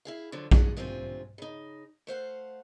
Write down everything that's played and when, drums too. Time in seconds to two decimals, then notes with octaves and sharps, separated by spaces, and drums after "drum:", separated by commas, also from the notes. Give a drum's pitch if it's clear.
0.05 E4 G#4 F5
0.32 D3 F3 F#3
0.52 D#4 G#4 D5 F#5, drum: kick A#1
0.77 D2 C3 C4 F4 A4 G#5
1.38 C#3 D#4
2.07 A3 C5 F5 F#5